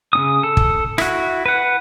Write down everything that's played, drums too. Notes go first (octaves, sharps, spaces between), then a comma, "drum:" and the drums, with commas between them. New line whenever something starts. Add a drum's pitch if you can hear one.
C#3 C#4 D#6
A4
drum: kick
E4 F#4, drum: rim click
B4 F#5